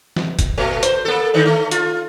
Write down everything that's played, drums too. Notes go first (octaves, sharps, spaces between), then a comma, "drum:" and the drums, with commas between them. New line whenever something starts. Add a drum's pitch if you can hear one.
drum: snare
drum: kick, hi-hat
A#2 A3
C5, drum: hi-hat
A#3 A4
D3 D#3 D#4
A3
F4, drum: hi-hat